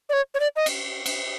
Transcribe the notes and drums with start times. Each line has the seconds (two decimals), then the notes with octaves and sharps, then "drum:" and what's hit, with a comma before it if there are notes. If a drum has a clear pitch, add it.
0.09 D5
0.13 C#5
0.34 C#5
0.40 D5
0.56 D#5
0.66 drum: cymbal
1.06 drum: cymbal